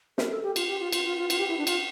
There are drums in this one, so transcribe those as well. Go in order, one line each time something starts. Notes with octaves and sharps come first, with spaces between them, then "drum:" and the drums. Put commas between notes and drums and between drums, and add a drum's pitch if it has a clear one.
A#4, drum: snare
A4
G4
F4, drum: cymbal
G4
F4
F4, drum: cymbal
F4
F4
F4, drum: cymbal
G4
E4
D4
F4, drum: cymbal